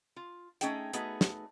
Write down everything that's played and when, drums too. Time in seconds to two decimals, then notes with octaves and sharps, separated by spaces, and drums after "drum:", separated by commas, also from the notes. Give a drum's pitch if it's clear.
0.16 F4
0.61 A3 C#4 D#4 G#4 G5, drum: hi-hat
0.93 A3 B3 D#4 F#4 G#4 B4, drum: hi-hat
1.21 drum: snare